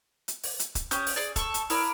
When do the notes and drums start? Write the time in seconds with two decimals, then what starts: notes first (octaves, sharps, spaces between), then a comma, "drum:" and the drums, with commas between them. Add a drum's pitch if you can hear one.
0.28 drum: hi-hat
0.44 drum: open hi-hat
0.59 drum: hi-hat
0.75 drum: kick, hi-hat
0.91 C#4 G4 D#6 G6, drum: hi-hat
1.07 drum: open hi-hat
1.16 G#4 D5
1.36 A4 C#6, drum: kick, hi-hat
1.54 drum: hi-hat
1.70 E4 A#4 D5 D#6, drum: open hi-hat